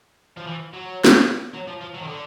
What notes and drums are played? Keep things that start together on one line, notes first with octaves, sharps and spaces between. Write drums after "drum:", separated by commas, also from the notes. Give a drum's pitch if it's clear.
F3
E3
F#3
drum: snare
F#3
F3
F3
F#3
D#3
D3